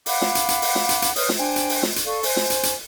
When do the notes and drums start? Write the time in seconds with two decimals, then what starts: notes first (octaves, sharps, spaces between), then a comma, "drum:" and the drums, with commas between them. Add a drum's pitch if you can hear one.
0.06 F5 F#5 B5 D6, drum: open hi-hat
0.22 drum: snare
0.35 drum: hi-hat
0.48 drum: hi-hat
0.62 drum: open hi-hat
0.75 drum: snare
0.89 drum: hi-hat
1.02 drum: hi-hat
1.16 B4 C#5 D#6 F6, drum: open hi-hat
1.29 drum: snare
1.38 D4 C5 G5 G#5
1.56 drum: hi-hat
1.69 drum: open hi-hat
1.83 drum: snare
1.96 drum: hi-hat
2.06 A4 D5 F5 C#6
2.23 C5 G#5, drum: open hi-hat
2.36 drum: snare
2.50 drum: hi-hat
2.63 drum: hi-hat